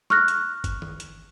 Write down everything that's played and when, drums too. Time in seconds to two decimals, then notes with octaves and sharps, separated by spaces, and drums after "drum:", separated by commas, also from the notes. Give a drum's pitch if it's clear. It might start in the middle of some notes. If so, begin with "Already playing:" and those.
0.10 C#6 F6 F#6 A#6, drum: snare
0.28 drum: hi-hat
0.64 drum: kick, hi-hat
0.82 drum: tom D#3
1.00 drum: hi-hat